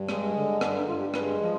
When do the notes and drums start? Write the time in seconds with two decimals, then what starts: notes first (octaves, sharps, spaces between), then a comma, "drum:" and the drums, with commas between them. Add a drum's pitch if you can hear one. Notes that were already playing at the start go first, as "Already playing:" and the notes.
Already playing: G2
0.09 G#3, drum: rim click
0.36 D3
0.61 G2 D4, drum: rim click
0.75 D#4
0.88 G2 F4
1.01 G4
1.14 G#3 B4, drum: rim click
1.41 F3